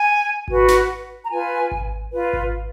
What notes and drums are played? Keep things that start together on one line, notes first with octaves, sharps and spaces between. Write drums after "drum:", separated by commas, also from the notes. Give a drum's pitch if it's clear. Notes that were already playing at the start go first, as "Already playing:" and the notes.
Already playing: G#5
F#4 B4, drum: kick G#1
drum: snare
A#5
F4 B4 G#5
drum: kick G#1
F4 B4
drum: kick G#1